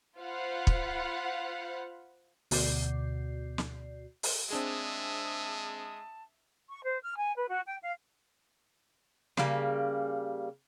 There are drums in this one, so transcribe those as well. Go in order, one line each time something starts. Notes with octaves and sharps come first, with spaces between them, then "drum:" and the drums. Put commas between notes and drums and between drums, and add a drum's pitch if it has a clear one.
F4 C5 F5 F#5 B5
drum: kick
D2 B2 F#4 D5 G6 C7, drum: open hi-hat
drum: snare
drum: open hi-hat
G#3 C4 D4 G#4 E5 A5 D#6
C#6
C5
F6
G#5
B4
F#4
G5
F5
C#3 G3 A#3, drum: snare